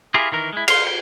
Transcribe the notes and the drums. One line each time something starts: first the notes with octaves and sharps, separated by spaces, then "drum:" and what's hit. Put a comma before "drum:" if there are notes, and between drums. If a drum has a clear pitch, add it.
E4 F4 G4 G#4 A#4
D#3 E3 A#4
G#3 E4
F5 C6, drum: cymbal
G5